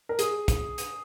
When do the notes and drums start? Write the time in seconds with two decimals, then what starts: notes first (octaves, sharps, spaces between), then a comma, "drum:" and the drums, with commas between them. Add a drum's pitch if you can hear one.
0.09 A#4
0.19 G#4, drum: hi-hat
0.48 drum: kick, hi-hat
0.78 drum: hi-hat